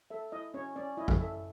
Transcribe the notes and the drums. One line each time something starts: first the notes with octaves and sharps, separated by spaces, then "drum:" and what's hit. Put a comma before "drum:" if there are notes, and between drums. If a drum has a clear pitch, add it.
A4 E5
E4 D#5
C#4 C#5
C#4 D5
E4 D#5
drum: kick
A4 E5